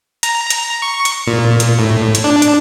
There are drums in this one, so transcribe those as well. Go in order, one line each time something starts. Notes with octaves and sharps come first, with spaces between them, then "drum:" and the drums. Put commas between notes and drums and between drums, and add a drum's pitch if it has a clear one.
A#5, drum: hi-hat
drum: hi-hat
C#6
drum: hi-hat
A#2
drum: hi-hat
A2
drum: hi-hat
D4
drum: hi-hat